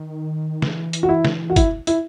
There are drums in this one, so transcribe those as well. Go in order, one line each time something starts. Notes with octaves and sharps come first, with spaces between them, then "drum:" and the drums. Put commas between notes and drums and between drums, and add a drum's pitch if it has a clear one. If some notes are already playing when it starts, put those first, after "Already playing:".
Already playing: D#3
E3, drum: snare
drum: hi-hat
F#4
E4
drum: snare
F#4
E4, drum: kick, hi-hat
E4, drum: hi-hat